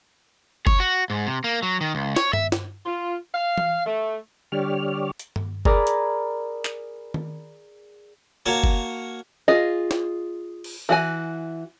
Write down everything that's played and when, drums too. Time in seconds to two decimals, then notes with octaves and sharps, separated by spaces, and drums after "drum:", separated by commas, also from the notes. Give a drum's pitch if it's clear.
0.67 C#5, drum: kick F#1
0.80 F#4
1.10 G#2
1.26 C3
1.44 A#3
1.63 F#3
1.81 D#3
1.95 C#2
2.16 C#5, drum: snare
2.33 E5, drum: tom G2
2.52 drum: snare
2.86 F4
3.34 F5
3.58 drum: tom E3
3.86 A3
4.52 D3 G3 G4 C#5 D5 F6
5.20 drum: hi-hat
5.36 drum: tom G2
5.65 G#4 A#4 D5 A#5 B5 D6, drum: kick F#1
5.87 drum: hi-hat
6.65 drum: clap
7.14 drum: tom D#3
8.46 A#3 F#4 A#4 C#5 A5
8.64 drum: kick F#1
9.48 F4 G#4 D#5
9.91 drum: snare
10.64 drum: cymbal
10.89 E3 F#4 G#5